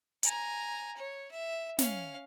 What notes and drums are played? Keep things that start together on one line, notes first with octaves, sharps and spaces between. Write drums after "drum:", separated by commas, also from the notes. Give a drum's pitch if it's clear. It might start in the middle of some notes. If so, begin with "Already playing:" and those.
G#5 A#5, drum: hi-hat
C#5
E5
C#4 F5, drum: snare